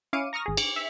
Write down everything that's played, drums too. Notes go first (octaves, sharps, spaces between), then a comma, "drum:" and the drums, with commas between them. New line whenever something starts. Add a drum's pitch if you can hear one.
C#4 E4 F5 D6 C#7 D#7
A#5 C#6 D#6 F6 A#6
G#1 G#4
D6, drum: cymbal
E5 B6